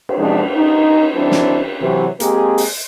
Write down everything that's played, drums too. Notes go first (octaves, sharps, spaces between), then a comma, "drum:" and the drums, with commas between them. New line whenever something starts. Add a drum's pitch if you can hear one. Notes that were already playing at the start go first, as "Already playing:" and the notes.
drum: cymbal
F#2 C3 F3 G#3 D4 D#4
D#4
D#3 F#3 C4 D4 E4 C5
drum: snare
C3 E3 F#3
G#3 A#3 C4 G4 G#4, drum: hi-hat
drum: open hi-hat